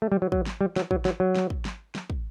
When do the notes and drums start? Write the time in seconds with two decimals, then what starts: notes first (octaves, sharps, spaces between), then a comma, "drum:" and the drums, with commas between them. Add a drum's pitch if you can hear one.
0.02 A3
0.12 G3
0.22 F#3
0.32 F#3, drum: kick
0.46 drum: snare
0.61 G3
0.76 F#3, drum: snare
0.91 F#3, drum: kick
1.05 F#3, drum: snare
1.20 F#3
1.35 drum: snare
1.50 drum: kick
1.65 drum: snare
1.95 drum: snare
2.10 drum: kick